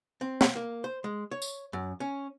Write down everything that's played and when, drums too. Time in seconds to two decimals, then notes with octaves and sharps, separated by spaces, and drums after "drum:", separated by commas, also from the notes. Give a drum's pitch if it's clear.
0.21 C4
0.41 drum: snare
0.56 A#3
0.84 C5
1.04 G#3
1.31 C#5
1.42 drum: tambourine
1.73 F#2
2.00 C#4